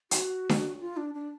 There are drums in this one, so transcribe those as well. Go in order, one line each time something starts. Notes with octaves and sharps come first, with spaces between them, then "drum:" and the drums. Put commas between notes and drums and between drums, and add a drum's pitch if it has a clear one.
F#4, drum: hi-hat
drum: snare D4
F4
D4
D4